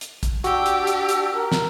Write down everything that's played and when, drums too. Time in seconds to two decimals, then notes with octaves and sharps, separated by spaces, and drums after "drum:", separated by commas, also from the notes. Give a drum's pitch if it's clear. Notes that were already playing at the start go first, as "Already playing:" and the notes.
0.01 drum: hi-hat
0.23 drum: kick, hi-hat
0.44 D4 F#4 G4 E6, drum: hi-hat
0.66 drum: hi-hat
0.87 drum: hi-hat
1.09 drum: hi-hat
1.34 A#4
1.52 drum: snare